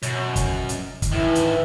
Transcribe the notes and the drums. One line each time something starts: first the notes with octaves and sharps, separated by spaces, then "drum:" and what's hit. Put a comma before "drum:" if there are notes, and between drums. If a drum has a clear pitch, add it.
F#2 B2, drum: hi-hat
drum: kick, hi-hat
drum: hi-hat
drum: kick, hi-hat
A2 D#3 E3 E4 A4
drum: hi-hat